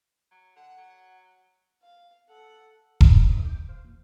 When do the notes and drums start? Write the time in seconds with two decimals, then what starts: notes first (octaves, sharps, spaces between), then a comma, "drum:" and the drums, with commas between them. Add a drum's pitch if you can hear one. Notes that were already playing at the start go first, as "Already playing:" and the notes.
0.31 F#3
0.56 D3 F#5
0.78 F#3
1.83 F5
2.30 A4 F#5
3.01 drum: kick E1
3.29 A3 C4 D#4 E5 D6 D#6
3.43 G5 D6
3.69 C5 F5
3.85 E2 A#2